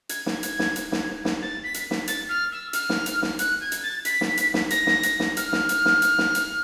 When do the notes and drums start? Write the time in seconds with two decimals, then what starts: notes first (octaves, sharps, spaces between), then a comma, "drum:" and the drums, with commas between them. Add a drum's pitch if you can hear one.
0.09 G#6, drum: hi-hat
0.26 drum: snare
0.43 drum: hi-hat
0.59 drum: snare
0.76 drum: hi-hat
0.92 drum: snare
1.25 drum: snare
1.42 A6
1.63 B6
1.74 drum: hi-hat
1.91 drum: snare
2.08 A6, drum: hi-hat
2.29 F6
2.52 E6
2.73 F6, drum: hi-hat
2.89 drum: snare
3.06 drum: hi-hat
3.22 drum: snare
3.39 F#6, drum: hi-hat
3.61 G#6
3.72 drum: hi-hat
3.83 A6
4.05 B6, drum: hi-hat
4.21 drum: snare
4.37 drum: hi-hat
4.54 drum: snare
4.70 A#6, drum: hi-hat
4.87 drum: snare
5.03 drum: hi-hat
5.20 drum: snare
5.37 F6, drum: hi-hat
5.53 drum: snare
5.69 drum: hi-hat
5.85 drum: snare
6.02 drum: hi-hat
6.18 drum: snare
6.35 drum: hi-hat